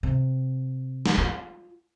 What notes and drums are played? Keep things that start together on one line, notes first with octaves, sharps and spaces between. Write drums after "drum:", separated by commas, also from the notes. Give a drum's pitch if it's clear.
C3
drum: snare
F4